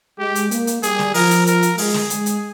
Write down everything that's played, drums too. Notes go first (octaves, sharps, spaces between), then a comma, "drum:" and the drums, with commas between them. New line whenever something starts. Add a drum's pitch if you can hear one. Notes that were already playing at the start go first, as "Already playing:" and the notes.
G#3 G4
drum: hi-hat
A#3, drum: hi-hat
drum: hi-hat
G3 G#4, drum: hi-hat
drum: snare
F3 A#4, drum: open hi-hat
drum: hi-hat
A#4, drum: hi-hat
drum: hi-hat
G#3 G#4, drum: open hi-hat
drum: snare
G#3, drum: hi-hat
drum: hi-hat